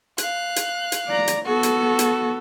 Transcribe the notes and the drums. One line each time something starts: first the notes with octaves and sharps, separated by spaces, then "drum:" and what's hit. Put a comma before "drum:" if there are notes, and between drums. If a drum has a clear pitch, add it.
F5 F#6, drum: hi-hat
drum: hi-hat
drum: hi-hat
D5 A#5
drum: hi-hat
B3 F#4 A4
drum: hi-hat
drum: hi-hat